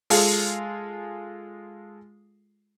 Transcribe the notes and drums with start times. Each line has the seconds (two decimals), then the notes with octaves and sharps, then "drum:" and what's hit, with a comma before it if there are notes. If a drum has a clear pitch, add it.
0.10 G#3 F4 G#4 A4 F5, drum: open hi-hat